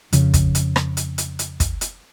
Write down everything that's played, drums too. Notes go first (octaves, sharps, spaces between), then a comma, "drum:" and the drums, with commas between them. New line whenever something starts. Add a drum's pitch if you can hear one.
F2 C#3, drum: hi-hat
drum: kick, hi-hat
drum: hi-hat
drum: rim click
drum: hi-hat
drum: hi-hat
drum: hi-hat
drum: kick, hi-hat
drum: hi-hat